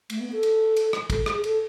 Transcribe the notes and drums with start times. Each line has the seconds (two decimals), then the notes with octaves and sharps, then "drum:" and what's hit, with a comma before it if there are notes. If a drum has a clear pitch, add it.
0.10 A3, drum: cymbal
0.20 B3
0.32 A4
0.43 drum: cymbal
0.76 drum: cymbal
0.93 drum: rim click
1.10 A4, drum: kick, cymbal
1.26 G#4, drum: rim click
1.44 A4, drum: cymbal